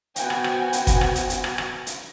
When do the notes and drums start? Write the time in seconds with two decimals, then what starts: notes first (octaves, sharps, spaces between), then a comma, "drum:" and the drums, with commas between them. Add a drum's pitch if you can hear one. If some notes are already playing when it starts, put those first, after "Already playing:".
0.16 B3 F#4 C5 G5 G#5, drum: hi-hat
0.30 drum: rim click
0.44 drum: rim click
0.73 drum: hi-hat
0.87 drum: kick, hi-hat
1.01 drum: rim click
1.15 drum: hi-hat
1.30 drum: hi-hat
1.44 drum: rim click
1.58 drum: rim click
1.87 drum: hi-hat